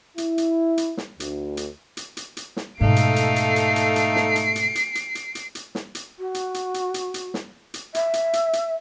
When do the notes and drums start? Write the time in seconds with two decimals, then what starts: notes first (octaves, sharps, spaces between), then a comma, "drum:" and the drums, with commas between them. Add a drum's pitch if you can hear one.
0.18 E4, drum: hi-hat
0.38 drum: hi-hat
0.78 drum: hi-hat
0.97 drum: snare
1.20 D2, drum: hi-hat
1.57 drum: hi-hat
1.97 drum: hi-hat
2.17 drum: hi-hat
2.37 drum: hi-hat
2.57 drum: snare
2.81 G#2 B2 A3 D#4 A4 F5 C7 D7
2.96 drum: hi-hat
3.16 drum: hi-hat
3.36 drum: hi-hat
3.56 drum: hi-hat
3.76 drum: hi-hat
3.96 drum: hi-hat
4.16 drum: snare
4.36 drum: hi-hat
4.55 drum: hi-hat
4.75 drum: hi-hat
4.95 drum: hi-hat
5.15 drum: hi-hat
5.35 drum: hi-hat
5.55 drum: hi-hat
5.75 drum: snare
5.95 drum: hi-hat
6.19 F#4
6.34 drum: hi-hat
6.54 drum: hi-hat
6.74 drum: hi-hat
6.94 drum: hi-hat
7.14 drum: hi-hat
7.34 drum: snare
7.74 drum: hi-hat
7.95 E5, drum: hi-hat
8.14 drum: hi-hat
8.33 drum: hi-hat
8.53 drum: hi-hat